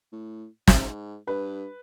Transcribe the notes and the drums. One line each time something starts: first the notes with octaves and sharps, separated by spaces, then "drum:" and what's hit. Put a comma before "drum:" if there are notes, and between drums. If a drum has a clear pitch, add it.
A2
G#2, drum: snare
G2 B4